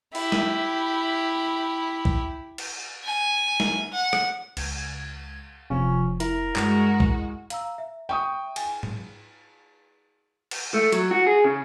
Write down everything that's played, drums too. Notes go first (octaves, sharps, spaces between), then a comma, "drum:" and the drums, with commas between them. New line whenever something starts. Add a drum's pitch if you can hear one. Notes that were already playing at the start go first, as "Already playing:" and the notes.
E4 G4, drum: open hi-hat
drum: snare
drum: kick B1
drum: cymbal
G#5
drum: snare
F#5
drum: rim click
C#2 G#6, drum: cymbal
F1 C3 F3 C#4
E4 A#4, drum: hi-hat
G2 G#3 F#4, drum: clap
drum: kick B1
F5 A#5 E6, drum: hi-hat
E5
G5 C#6 D#6
G#5, drum: cymbal
drum: tom G#2
drum: cymbal
A3
F#3, drum: hi-hat
F#4
G#4
C#3